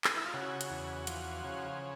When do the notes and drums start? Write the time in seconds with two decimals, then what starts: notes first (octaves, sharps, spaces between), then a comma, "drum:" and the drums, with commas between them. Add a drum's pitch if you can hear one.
0.04 drum: clap
0.16 E4
0.25 F4
0.34 C#3 F#4
0.61 drum: hi-hat
0.70 E2
1.07 F3, drum: hi-hat
1.44 C#3